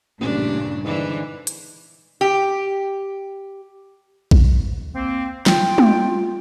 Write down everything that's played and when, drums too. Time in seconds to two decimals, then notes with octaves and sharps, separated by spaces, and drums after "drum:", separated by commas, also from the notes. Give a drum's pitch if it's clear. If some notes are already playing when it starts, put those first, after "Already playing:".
0.20 A1 G2 A#2 C#3 D4
0.84 G#2 D3 E3 D4
1.47 drum: hi-hat
2.21 G4
4.31 drum: kick A#1
4.94 A#3 C4
5.46 F4 G5, drum: snare
5.78 drum: tom